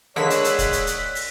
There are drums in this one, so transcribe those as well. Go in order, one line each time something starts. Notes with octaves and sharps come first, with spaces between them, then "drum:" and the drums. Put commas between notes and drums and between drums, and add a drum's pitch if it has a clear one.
D3 G#3 A#3 C#5 B5 E6 F#6 B6, drum: snare
drum: hi-hat
drum: hi-hat
drum: kick, hi-hat
drum: hi-hat
drum: hi-hat
drum: open hi-hat